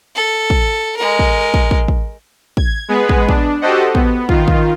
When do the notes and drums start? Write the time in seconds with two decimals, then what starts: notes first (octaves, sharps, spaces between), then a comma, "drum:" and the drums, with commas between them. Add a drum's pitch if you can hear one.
0.15 A4
0.50 drum: kick
0.97 G#3 A#4
1.19 drum: kick
1.54 drum: kick
1.71 drum: kick
1.88 drum: kick
2.57 G#6, drum: kick
2.88 G#3 B3 G#4 B4
3.09 drum: kick
3.29 D4, drum: kick
3.61 F#4 G4 A4 C5 D#5 F#5
3.95 B3, drum: kick
4.29 D#3 F4, drum: kick
4.48 drum: kick